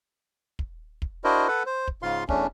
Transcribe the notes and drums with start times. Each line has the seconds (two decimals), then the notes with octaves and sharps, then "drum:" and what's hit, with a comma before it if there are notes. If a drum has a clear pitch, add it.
0.59 drum: kick
1.02 drum: kick
1.24 D4 E4 F#4 A#4 C5 D#5
1.48 A4 B4 F#5
1.66 C5
1.88 drum: kick
2.02 G#2 C#3 F4 F5 C6
2.29 E2 A3 C#4 D4, drum: kick